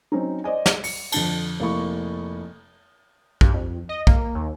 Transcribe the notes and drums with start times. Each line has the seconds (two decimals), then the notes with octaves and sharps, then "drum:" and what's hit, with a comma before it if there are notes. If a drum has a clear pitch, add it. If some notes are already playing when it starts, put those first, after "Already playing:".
0.12 F#3 C4 C#4 D#4
0.44 C5 D5 D#5 G#5
0.66 drum: snare
0.84 C#7, drum: open hi-hat
1.12 F2 D3 A5, drum: cymbal
1.60 F1 A#3 E4 C#6
3.41 G2, drum: kick
3.54 F2
3.89 D#5
4.07 A#3, drum: kick
4.35 D#2